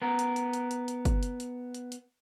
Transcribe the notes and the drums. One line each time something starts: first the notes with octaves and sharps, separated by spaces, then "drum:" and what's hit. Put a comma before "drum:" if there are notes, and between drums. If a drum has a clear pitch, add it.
B3 A#4
drum: hi-hat
drum: hi-hat
drum: hi-hat
drum: hi-hat
drum: hi-hat
drum: kick G1, hi-hat
drum: hi-hat
drum: hi-hat
drum: hi-hat
drum: hi-hat